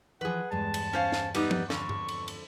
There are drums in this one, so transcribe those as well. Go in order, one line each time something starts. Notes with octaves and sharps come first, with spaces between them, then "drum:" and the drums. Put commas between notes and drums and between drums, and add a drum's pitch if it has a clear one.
E3 F3 G#4 B4 F#5
E2 G2 G#3 A5
drum: cymbal
C#4 C5 F5
drum: snare
G3 B3 D#4, drum: cymbal
drum: tom F3
F2 D3 C#6, drum: snare
drum: tom G2
drum: cymbal
drum: cymbal